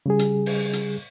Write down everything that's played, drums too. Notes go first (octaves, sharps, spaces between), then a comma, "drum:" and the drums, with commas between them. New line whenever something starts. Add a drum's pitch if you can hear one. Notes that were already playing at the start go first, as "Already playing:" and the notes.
C#3 G3 G#4
drum: hi-hat
drum: open hi-hat
drum: hi-hat